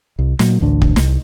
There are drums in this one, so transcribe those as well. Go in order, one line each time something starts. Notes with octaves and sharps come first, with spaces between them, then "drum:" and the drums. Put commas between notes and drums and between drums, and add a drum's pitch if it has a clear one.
C2
A#2 F#3, drum: snare
A1 D2 A2 D3
drum: kick
C2, drum: snare